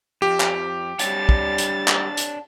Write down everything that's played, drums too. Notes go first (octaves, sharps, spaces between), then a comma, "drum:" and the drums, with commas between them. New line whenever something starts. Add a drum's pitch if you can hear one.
F2 G4
drum: clap
G3 D4 C#5 F#5 A6, drum: hi-hat
drum: kick
drum: hi-hat
drum: clap
drum: hi-hat